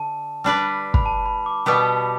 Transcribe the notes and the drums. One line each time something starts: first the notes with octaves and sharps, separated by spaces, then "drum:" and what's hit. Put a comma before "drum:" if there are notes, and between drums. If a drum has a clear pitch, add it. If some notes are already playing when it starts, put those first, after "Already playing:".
Already playing: D3 A5
G3 D4 B4 D5
B5, drum: kick
A5
B5
D6
B2 G3 B3 G4
A5
B5